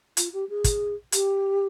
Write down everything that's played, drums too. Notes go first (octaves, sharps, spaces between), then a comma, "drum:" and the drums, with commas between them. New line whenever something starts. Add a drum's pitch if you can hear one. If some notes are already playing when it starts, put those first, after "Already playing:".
F4, drum: hi-hat
G4
G#4
drum: kick, hi-hat
G4, drum: hi-hat